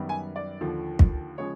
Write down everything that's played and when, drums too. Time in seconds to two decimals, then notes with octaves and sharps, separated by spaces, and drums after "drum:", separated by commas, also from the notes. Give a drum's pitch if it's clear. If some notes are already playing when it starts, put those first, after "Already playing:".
Already playing: F#2 D#3 G3 B3
0.09 G#5
0.36 D5
0.61 D#2 D3 F3
0.99 drum: kick
1.38 C#3 F3 G#3 C#5